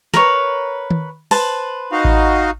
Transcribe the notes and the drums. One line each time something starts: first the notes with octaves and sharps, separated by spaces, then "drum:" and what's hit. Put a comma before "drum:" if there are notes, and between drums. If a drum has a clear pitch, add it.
A#4 B4 C#5, drum: snare
drum: tom D#3
B4 C5 A5, drum: open hi-hat
D#4 F#4 F5
drum: kick A1